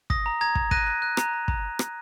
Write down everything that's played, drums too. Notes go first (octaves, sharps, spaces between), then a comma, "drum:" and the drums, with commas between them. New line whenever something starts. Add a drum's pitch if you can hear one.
D#6 A#6, drum: kick
A#5
A#5 G#6
A#5, drum: kick
F#6 A#6 D#7, drum: kick
F#6
F#6
A#5, drum: rim click
A#5
A#5, drum: kick
drum: rim click